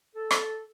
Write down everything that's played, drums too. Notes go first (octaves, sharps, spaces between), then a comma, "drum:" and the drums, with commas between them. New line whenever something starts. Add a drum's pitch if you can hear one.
A4
drum: rim click